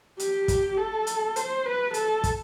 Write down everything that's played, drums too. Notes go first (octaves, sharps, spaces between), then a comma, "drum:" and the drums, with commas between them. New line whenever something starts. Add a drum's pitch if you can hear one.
G4, drum: hi-hat
drum: kick, hi-hat
A4
drum: hi-hat
C5, drum: hi-hat
B4
A4, drum: hi-hat
drum: kick, hi-hat